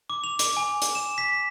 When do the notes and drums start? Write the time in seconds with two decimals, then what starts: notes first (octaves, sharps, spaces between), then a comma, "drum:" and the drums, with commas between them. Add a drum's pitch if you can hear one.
0.10 D6
0.24 F7
0.39 D6, drum: hi-hat
0.57 G#5
0.82 drum: hi-hat
0.95 E7
1.18 B6